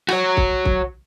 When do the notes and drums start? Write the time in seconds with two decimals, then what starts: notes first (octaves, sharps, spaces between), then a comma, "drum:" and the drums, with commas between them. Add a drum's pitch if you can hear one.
0.08 F#4 C#5, drum: rim click
0.37 drum: kick
0.65 drum: kick